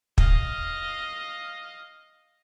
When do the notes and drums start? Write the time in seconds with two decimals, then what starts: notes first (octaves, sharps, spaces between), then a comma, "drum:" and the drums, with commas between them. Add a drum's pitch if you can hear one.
0.18 D#5 F5, drum: kick